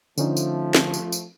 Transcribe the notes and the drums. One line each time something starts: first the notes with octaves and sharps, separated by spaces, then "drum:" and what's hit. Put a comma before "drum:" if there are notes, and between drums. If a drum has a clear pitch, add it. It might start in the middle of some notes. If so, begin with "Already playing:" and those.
D3 F3 A3 C#4 D#4, drum: tambourine
drum: tambourine
drum: snare
drum: tambourine
drum: tambourine